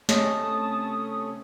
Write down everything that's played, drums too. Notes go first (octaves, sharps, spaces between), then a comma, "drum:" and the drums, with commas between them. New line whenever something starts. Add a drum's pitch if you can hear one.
C3 A3 C#4 C#5 D#5 A5 D#6, drum: snare